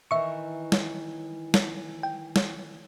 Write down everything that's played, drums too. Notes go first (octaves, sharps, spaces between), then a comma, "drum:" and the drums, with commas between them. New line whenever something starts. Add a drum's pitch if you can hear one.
D#3 E3 E5 C#6
drum: snare
drum: snare
G5
drum: snare